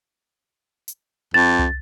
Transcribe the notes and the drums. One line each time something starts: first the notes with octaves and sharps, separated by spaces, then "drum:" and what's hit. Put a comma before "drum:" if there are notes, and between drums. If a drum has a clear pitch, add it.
drum: hi-hat
F2 A6
drum: tom